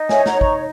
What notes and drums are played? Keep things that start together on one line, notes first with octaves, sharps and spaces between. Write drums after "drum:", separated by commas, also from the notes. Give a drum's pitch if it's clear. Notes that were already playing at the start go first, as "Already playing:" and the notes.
Already playing: D#4
C#5 E5 G#5, drum: snare
F#5 A#5, drum: snare
D#4
A#5 C#6, drum: kick